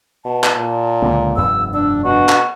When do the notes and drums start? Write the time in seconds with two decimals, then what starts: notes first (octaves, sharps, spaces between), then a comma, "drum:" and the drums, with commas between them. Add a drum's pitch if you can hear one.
0.25 B2 A5
0.44 drum: clap
0.57 A#2
1.02 C#2 D3 A#3
1.36 F1 G2 B3 E6
1.74 D4 E6
2.05 B2 D4 F#4
2.29 drum: clap